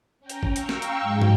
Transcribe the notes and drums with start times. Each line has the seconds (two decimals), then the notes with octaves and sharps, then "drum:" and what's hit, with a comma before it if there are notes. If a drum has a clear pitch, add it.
0.20 C#4 G5 A#5
0.30 drum: hi-hat
0.43 drum: kick G1
0.56 F5 G5 A#5 C#6 E6, drum: hi-hat
0.69 drum: snare A#3
0.82 drum: hi-hat
1.00 G#2 F#3 G#3 G5
1.22 drum: tom